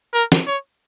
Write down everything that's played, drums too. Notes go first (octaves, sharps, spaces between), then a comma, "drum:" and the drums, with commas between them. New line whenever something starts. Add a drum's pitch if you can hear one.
A#4
drum: snare
C#5